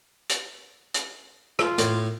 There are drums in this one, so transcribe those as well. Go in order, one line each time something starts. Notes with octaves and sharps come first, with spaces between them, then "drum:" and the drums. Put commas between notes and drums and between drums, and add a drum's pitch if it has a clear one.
drum: hi-hat
drum: hi-hat
F4, drum: rim click
A2, drum: hi-hat